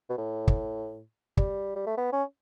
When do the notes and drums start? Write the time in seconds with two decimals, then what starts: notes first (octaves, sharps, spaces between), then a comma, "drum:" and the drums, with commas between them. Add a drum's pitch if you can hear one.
0.09 B2
0.18 A2
0.48 drum: kick
1.37 G3, drum: kick
1.76 G3
1.86 A3
1.97 B3
2.12 C#4